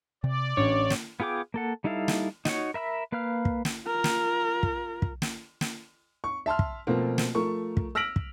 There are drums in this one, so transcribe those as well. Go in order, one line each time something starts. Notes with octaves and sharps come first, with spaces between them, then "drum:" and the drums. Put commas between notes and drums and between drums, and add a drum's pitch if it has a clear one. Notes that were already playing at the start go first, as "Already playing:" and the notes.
C3 D5
A1 D4 C#5
drum: snare
B3 F4 G#4 G5 D6
A#3 A4 F#5
G3 D#4 E4 A4 F5
drum: snare
D#4 F#4 C#5, drum: snare
A#4 E5 B5 E6
A#3 B4 F5 F6
drum: kick
drum: snare
F4 A#4
drum: snare
drum: kick
drum: kick
drum: snare
drum: snare
C#6
E5 A5 C6 F6
drum: kick
B2 F3 A3 A#3 C4 F4
drum: snare
F3 A3 A#4 C#6
drum: kick
E6 F6 A#6 B6 D7 F#7
drum: kick